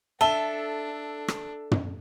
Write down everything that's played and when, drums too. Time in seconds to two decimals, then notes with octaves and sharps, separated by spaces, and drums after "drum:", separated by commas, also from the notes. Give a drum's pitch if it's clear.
0.21 D4 A4 E5 A5 G7
1.28 drum: rim click
1.71 drum: tom